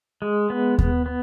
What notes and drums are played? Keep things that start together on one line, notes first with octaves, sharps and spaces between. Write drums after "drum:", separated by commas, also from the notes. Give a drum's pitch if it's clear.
G#3
B3
B3, drum: kick D#2
B3